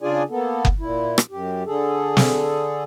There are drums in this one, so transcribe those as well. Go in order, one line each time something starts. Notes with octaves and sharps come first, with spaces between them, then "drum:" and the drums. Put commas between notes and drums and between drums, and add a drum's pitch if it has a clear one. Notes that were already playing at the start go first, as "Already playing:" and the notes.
C#3 D4 F4 G#4 D5 G#5
A#3 B3 A4
drum: kick F#1
A#2 E4
drum: rim click
F#2 G4
D3 G#4 A4
drum: snare